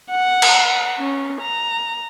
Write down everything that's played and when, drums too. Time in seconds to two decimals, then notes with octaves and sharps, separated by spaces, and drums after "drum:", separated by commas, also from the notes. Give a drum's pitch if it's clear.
0.10 F#5
0.42 drum: cymbal
0.99 C#4
1.41 A#5